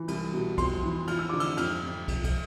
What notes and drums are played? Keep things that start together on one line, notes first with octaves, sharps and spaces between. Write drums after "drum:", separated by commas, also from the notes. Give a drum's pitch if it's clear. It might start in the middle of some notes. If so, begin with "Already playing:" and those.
Already playing: E3
C2, drum: cymbal
B2
F2 C6, drum: kick, cymbal
E3
F3 F6, drum: cymbal
E6
D3 D6
E6, drum: cymbal
F2 F6, drum: cymbal
F2
F2, drum: kick, cymbal
drum: kick, cymbal